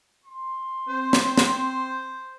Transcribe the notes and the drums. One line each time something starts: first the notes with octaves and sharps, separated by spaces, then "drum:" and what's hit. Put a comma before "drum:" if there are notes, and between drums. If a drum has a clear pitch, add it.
C6
C4 C5
drum: snare
drum: snare